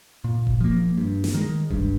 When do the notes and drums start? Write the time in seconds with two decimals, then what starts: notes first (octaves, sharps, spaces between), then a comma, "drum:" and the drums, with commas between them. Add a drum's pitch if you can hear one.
0.24 A#2
0.47 drum: kick D#1
0.61 F3 A#3
0.97 G2
1.24 drum: snare
1.34 D#3 G#3
1.70 G2, drum: kick D#1